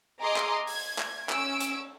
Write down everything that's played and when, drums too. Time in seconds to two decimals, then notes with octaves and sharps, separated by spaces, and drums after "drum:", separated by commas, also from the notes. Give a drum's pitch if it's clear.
0.22 G#4 D#5 A#5 C6 D6
0.36 drum: clap
0.67 G#6, drum: open hi-hat
0.98 drum: clap
1.29 C#4 E6 D7, drum: clap
1.60 drum: hi-hat